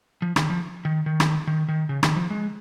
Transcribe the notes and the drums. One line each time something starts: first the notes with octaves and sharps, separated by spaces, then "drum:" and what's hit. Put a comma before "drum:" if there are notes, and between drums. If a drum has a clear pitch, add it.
F3
D#3, drum: rim click
F3
D#3
D#3
drum: rim click
D#3
D#3
C#3
D#3, drum: rim click
F3
G#3